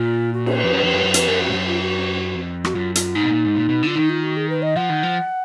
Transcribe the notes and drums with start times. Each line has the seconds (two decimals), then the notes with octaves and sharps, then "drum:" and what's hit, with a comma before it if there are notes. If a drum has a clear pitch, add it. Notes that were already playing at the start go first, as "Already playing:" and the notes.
Already playing: A#2 F4
0.33 F#4
0.46 drum: cymbal
0.61 F2 B4
0.74 F#2
0.83 F2
0.93 F#2
1.04 F#2
1.14 F2 B4, drum: hi-hat
1.27 F#2 A#4
1.40 F2 F#4
1.49 G#2
1.54 F#2
1.67 F4
1.82 F#4
2.35 F2
2.65 F#4, drum: rim click
2.75 F#2 F4
2.95 F4, drum: hi-hat
3.15 G#2 D#4
3.23 B2
3.28 A#2
3.45 G#2
3.56 A#2
3.69 B2
3.83 D3 F4
3.96 D#3 D#4
4.10 F4
4.23 F#4
4.37 G#4
4.50 B4
4.62 D#5
4.76 F3 F#5
4.89 D#3
5.03 F3